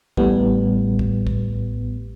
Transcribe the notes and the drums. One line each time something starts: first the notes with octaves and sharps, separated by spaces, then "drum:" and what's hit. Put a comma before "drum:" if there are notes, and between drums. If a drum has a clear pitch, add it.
A1 A2 G3 B3, drum: kick
drum: kick
drum: kick